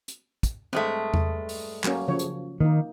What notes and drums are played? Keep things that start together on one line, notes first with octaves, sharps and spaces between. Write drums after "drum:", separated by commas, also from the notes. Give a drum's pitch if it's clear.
drum: hi-hat
drum: kick, hi-hat
G2 G#3 A3 C4
drum: tom E2
drum: open hi-hat
F#3 A#3 C#4, drum: clap
C#3 F3 C#5
drum: hi-hat
D#3 A#3 D#4